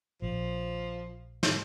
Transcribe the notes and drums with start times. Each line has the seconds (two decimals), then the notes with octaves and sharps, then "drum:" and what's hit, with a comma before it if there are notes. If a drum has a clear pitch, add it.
0.22 A#1 F3
1.43 drum: snare